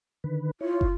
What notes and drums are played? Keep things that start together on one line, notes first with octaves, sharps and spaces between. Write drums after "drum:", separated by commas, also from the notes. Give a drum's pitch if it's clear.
D3 D#3 B4
E4 F4 C#5
drum: kick